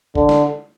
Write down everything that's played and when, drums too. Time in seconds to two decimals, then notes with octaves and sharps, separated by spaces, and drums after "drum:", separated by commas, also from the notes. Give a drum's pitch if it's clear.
0.15 D3, drum: kick
0.29 drum: snare